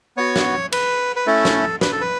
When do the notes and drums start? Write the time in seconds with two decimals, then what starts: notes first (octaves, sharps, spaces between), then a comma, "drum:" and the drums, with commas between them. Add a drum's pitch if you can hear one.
0.17 B3 F#4 C#5
0.36 drum: snare
0.72 B4, drum: cymbal
1.16 B4
1.27 A3 C#4 E4 A4
1.45 drum: snare
1.81 B4, drum: snare
1.92 A4
2.01 B4